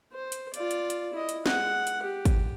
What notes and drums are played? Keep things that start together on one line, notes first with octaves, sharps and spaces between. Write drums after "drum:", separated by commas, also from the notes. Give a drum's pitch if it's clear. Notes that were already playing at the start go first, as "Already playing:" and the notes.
C5
drum: hi-hat
F4 D5, drum: hi-hat
drum: hi-hat
drum: hi-hat
E4 D#5
drum: hi-hat
G#3 F#5, drum: snare
drum: hi-hat
G4
drum: kick, hi-hat